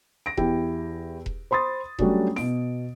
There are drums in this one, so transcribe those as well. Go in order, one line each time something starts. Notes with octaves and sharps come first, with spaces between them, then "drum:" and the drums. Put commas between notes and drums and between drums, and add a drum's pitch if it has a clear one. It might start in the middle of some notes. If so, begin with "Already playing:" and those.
A#6 D7
E2 E4 G4 G5, drum: kick E1
drum: kick E1
C5 B5 C6 D#6 A6
F#3 G3 A3 C#4 D4 F#4, drum: kick E1
B2 D7, drum: snare E4